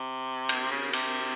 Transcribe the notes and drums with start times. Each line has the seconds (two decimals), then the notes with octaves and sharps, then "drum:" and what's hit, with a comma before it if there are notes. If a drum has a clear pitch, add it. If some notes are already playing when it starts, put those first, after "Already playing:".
Already playing: C3
0.49 drum: cymbal
0.71 C#3
0.93 C3, drum: cymbal